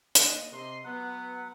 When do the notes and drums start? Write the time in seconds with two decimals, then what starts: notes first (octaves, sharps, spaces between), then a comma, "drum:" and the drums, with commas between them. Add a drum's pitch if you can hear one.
0.15 A#3 D#5, drum: hi-hat
0.50 C3 D#5 C6
0.84 F#3 B3 B4 F#5